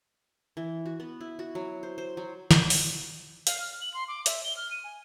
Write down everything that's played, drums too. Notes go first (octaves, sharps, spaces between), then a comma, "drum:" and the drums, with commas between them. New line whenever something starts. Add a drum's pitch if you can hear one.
E3
F#4
B3
E4
F#4
F#3
C5
C5
F#3
drum: snare
drum: open hi-hat
F5, drum: hi-hat
F6
F#7
C6
D6
E5, drum: hi-hat
G7
F6
D#7
G#5